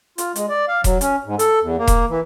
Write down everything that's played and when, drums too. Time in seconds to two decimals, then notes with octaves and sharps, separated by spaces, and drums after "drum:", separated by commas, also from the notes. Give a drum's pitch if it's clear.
0.18 F4, drum: hi-hat
0.36 G#3, drum: hi-hat
0.49 D5
0.68 F5
0.84 F#3, drum: kick E1, hi-hat
1.01 C#4, drum: hi-hat
1.25 G#2
1.39 A4, drum: hi-hat
1.62 E2
1.78 A#3
1.87 drum: kick E1, hi-hat
2.09 E3